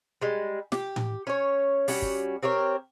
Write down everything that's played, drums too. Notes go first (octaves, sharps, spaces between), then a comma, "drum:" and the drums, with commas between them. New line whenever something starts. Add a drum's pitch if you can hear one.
G3 G#3
G4, drum: snare
drum: tom A2
C#4 C#5
G3 C#4 F#4, drum: open hi-hat
drum: kick
C4 G4 A#4 C#5